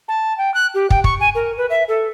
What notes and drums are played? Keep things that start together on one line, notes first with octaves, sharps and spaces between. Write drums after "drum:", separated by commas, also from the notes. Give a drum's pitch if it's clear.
A5
G5
F#6
G4
G5, drum: kick
C#6, drum: kick
G#5
A#4
B4
E5
A4